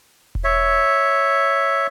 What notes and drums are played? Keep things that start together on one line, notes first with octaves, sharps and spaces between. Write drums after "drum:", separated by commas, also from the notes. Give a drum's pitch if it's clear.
drum: kick E1
C#5 E5